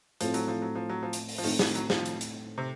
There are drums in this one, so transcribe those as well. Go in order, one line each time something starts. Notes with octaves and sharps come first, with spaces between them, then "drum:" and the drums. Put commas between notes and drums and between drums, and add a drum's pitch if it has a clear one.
A2 F3 A3 C4, drum: hi-hat
F#3, drum: hi-hat
F3
F#3
F3
F#3
F3
drum: hi-hat
drum: open hi-hat
F3
A2 D#3 A3 C4 D#4, drum: open hi-hat
F3, drum: snare
F#3, drum: hi-hat
F3, drum: snare
drum: hi-hat
drum: hi-hat
C3